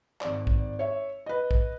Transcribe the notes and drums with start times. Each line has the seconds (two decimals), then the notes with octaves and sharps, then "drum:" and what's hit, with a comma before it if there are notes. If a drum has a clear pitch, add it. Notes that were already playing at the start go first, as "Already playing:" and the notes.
0.21 G#1 D5, drum: clap
0.47 drum: kick
0.79 C#5 E5
1.26 B4 D#5
1.51 drum: kick